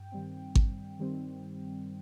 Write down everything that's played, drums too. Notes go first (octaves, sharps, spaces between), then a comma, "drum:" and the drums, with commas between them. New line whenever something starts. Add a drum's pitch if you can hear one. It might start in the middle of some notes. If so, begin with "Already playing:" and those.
Already playing: G2 G5
D#3 G3 C4
G2, drum: kick G#1
D#3 G3 C4